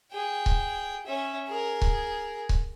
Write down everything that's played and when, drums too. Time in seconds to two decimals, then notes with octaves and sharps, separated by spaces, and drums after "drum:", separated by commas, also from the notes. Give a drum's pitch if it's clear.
0.11 G#4 G5
0.46 drum: kick C#1
1.06 C#4 E5
1.48 G#4 A#4
1.82 drum: kick C#1
2.49 drum: kick C#1